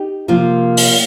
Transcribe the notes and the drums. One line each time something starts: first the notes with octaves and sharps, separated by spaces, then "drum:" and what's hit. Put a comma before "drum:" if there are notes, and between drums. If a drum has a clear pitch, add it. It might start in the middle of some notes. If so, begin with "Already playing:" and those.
Already playing: D#4 G4
C3 F3 A#3 F4 C5
drum: open hi-hat